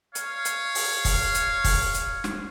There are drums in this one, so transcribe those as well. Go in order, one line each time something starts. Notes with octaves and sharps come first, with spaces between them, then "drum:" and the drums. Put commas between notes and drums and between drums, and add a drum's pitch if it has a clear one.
C#5 F5, drum: hi-hat
drum: hi-hat
drum: open hi-hat
drum: kick, open hi-hat
drum: hi-hat
drum: kick, open hi-hat
drum: hi-hat
drum: snare